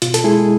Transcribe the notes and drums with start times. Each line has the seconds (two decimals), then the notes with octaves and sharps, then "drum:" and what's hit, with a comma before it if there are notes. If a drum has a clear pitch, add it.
0.02 B2 F4, drum: hi-hat
0.14 A4, drum: hi-hat
0.24 G#3 E4 G#4